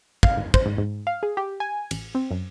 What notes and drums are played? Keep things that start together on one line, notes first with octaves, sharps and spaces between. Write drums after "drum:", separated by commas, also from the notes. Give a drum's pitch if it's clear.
F5, drum: kick
G#1
C5, drum: kick
G#2
G#2
F5
G#4
G4
G#5
A1, drum: cymbal
C4
F#2